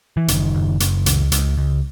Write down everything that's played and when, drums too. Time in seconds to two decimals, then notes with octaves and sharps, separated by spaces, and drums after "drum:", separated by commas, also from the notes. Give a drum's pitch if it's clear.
0.17 E3
0.28 F#1 D#3, drum: hi-hat
0.54 F#1
0.80 F#1, drum: hi-hat
1.06 C#2, drum: hi-hat
1.32 C#2, drum: hi-hat
1.58 C#2